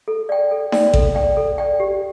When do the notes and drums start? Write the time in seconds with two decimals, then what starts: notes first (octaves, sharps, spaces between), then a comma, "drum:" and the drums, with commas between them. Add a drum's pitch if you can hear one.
0.08 A4
0.29 D5 G5
0.51 A4
0.72 D5 G5, drum: snare D#4
0.94 A4, drum: kick A1
1.15 D5 G5
1.37 A4
1.58 D5 G5
1.80 G4